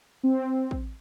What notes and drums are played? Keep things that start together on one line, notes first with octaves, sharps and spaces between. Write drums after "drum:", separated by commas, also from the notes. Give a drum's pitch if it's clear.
C4
drum: kick